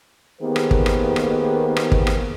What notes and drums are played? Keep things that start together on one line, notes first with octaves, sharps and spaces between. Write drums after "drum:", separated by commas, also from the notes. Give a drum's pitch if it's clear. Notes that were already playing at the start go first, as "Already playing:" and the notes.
D#3 A#3 B3 G4 G#4 C5
drum: rim click
drum: kick
drum: rim click
drum: rim click
drum: rim click
drum: kick
drum: rim click